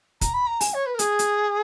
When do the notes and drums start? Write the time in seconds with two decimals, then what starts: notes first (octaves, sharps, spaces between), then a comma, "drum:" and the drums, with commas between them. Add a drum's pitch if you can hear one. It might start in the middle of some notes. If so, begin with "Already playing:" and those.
0.21 A#5, drum: kick, hi-hat
0.34 B5
0.47 A#5
0.61 G#5, drum: open hi-hat
0.74 C#5
0.86 B4
0.95 A#4
0.99 G#4, drum: hi-hat
1.19 drum: hi-hat